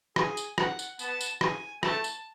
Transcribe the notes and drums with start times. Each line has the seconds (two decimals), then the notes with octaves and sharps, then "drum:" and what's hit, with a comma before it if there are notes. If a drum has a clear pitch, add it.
0.16 G#4 G#5, drum: rim click
0.37 drum: tambourine
0.58 F#5, drum: rim click
0.79 drum: tambourine
0.99 B3 A5, drum: tambourine
1.21 drum: tambourine
1.41 G#5, drum: rim click
1.83 A3 A5, drum: rim click
2.04 drum: tambourine